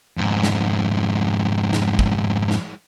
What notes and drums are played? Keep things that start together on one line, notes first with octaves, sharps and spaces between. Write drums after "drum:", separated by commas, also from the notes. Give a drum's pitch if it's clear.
F2 G#2
drum: snare
drum: snare
drum: kick
drum: snare